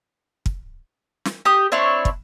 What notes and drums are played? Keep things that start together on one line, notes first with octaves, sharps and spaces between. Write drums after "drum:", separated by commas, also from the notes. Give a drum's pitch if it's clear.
drum: kick
drum: snare
G4 D#6
C4 D4 E4 C#5
drum: kick